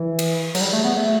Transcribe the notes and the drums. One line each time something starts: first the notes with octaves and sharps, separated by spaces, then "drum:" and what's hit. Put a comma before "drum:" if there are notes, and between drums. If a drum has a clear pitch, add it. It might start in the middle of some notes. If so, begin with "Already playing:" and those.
Already playing: E3
drum: cymbal
F#3, drum: cymbal
G3
A3
B3
A3